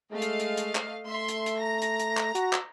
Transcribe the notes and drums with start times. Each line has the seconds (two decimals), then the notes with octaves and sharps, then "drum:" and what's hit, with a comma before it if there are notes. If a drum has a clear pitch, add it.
0.12 G#3 A3 D#5 F5
0.22 drum: hi-hat
0.40 drum: hi-hat
0.57 drum: hi-hat
0.75 drum: clap
1.06 A3 E5 C6
1.28 drum: hi-hat
1.46 drum: hi-hat
1.58 A#5 A#6
1.82 drum: hi-hat
2.00 drum: hi-hat
2.17 drum: clap
2.35 F#4, drum: hi-hat
2.53 drum: clap